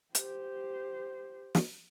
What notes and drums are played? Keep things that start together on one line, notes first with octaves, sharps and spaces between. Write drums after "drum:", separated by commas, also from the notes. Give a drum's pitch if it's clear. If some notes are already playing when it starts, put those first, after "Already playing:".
G4 C5, drum: hi-hat
drum: snare